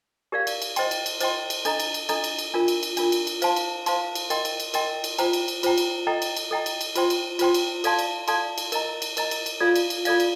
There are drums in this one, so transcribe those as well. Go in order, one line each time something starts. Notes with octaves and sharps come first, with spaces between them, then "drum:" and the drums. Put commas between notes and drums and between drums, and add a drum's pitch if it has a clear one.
G4 A#4 D5 F5
drum: cymbal
drum: cymbal
C5 D#5 G5 C6, drum: cymbal
drum: cymbal
drum: cymbal
C5 D#5 G5 C6, drum: cymbal
drum: cymbal
D4 A4 D#5 A#5, drum: cymbal
drum: cymbal
drum: cymbal
D4 A4 D#5 A#5, drum: cymbal
drum: cymbal
drum: cymbal
D4 F4 A#4
drum: cymbal
drum: cymbal
D4 F4 A#4, drum: cymbal
drum: cymbal
drum: cymbal
C5 F5 A5 C6, drum: cymbal
drum: cymbal
C5 F5 A5 C6, drum: cymbal
drum: cymbal
A#4 D#5 G5 C6, drum: cymbal
drum: cymbal
drum: cymbal
A#4 D#5 G5 C6, drum: cymbal
drum: cymbal
F4 C5 G5 A#5, drum: cymbal
drum: cymbal
drum: cymbal
F4 C5 G5 A#5, drum: cymbal
drum: cymbal
A4 D#5 G5 A#5
drum: cymbal
drum: cymbal
A4 D#5 G5 A#5
drum: cymbal
drum: cymbal
F4 C5 G5 C6, drum: cymbal
drum: cymbal
F4 C5 G5 C6, drum: cymbal
drum: cymbal
A4 D5 F5 A5 C6, drum: cymbal
drum: cymbal
A4 D5 F5 A5 C6, drum: cymbal
drum: cymbal
A#4 D#5 A#5, drum: cymbal
drum: cymbal
A#4 D#5 A#5, drum: cymbal
drum: cymbal
drum: cymbal
F4 A4 D5 F5
drum: cymbal
drum: cymbal
F4 A4 D5 F5, drum: cymbal
drum: cymbal